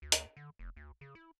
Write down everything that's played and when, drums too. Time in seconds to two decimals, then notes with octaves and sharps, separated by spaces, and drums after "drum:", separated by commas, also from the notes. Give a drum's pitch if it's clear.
0.02 D2
0.12 drum: hi-hat
0.37 D3
0.59 F1
0.76 D2
1.01 C#3
1.15 E4